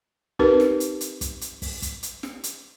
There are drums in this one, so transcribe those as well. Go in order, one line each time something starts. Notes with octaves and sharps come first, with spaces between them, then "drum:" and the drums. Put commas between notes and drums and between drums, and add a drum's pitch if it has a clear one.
C4 D#4 G4 A#4 B4, drum: kick
drum: snare
drum: hi-hat
drum: hi-hat
drum: kick, hi-hat
drum: hi-hat
drum: kick, open hi-hat
drum: kick, hi-hat
drum: hi-hat
drum: snare
drum: hi-hat